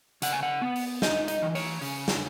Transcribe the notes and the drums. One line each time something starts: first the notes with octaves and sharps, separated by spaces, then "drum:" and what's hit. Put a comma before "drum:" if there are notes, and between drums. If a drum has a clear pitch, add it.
C#3 F#5, drum: hi-hat
G#5
F#5
B3
drum: open hi-hat
D#4 D#5, drum: snare
D#5, drum: hi-hat
E3
C#5, drum: open hi-hat
C#3, drum: open hi-hat
drum: snare